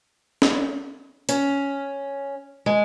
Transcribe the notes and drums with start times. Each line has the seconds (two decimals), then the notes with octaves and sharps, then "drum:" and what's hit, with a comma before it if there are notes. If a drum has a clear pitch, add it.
0.42 drum: snare C#4
1.29 C#4, drum: hi-hat
2.66 G#3